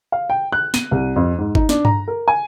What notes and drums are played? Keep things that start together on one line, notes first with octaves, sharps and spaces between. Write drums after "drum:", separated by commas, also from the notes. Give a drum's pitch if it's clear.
F5
G5
F#6
D#7, drum: snare
C2
F2
G#2
D#4, drum: kick G1
D4, drum: snare
A#5, drum: tom G2
A#4
G#5